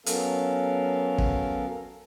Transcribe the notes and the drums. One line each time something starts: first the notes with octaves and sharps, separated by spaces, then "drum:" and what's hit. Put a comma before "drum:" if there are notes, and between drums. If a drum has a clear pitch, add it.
F#3 B3 C#4 A4 A#4 F5, drum: hi-hat
drum: kick